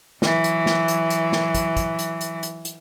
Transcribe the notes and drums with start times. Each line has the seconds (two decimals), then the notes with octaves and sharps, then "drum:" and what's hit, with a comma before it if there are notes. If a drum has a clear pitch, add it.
0.22 E3 F#3, drum: snare
0.44 drum: hi-hat
0.66 drum: snare
0.88 drum: hi-hat
1.10 drum: hi-hat
1.32 drum: snare
1.54 drum: kick, hi-hat
1.77 drum: kick, hi-hat
1.99 drum: hi-hat
2.21 drum: hi-hat
2.43 drum: hi-hat
2.65 drum: hi-hat